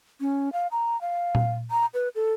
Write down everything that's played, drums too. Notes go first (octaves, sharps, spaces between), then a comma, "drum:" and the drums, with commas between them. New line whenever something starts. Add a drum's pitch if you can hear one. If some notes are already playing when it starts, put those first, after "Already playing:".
C#4
F5
A#5
F5
drum: tom A#2
A#5
B4
A4